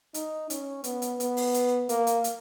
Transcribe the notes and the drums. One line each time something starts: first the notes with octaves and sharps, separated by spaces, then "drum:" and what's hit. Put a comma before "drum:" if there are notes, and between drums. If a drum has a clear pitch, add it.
D#4, drum: hi-hat
C#4, drum: hi-hat
B3, drum: hi-hat
drum: hi-hat
B3, drum: hi-hat
drum: open hi-hat
drum: hi-hat
A#3, drum: hi-hat
drum: hi-hat
drum: hi-hat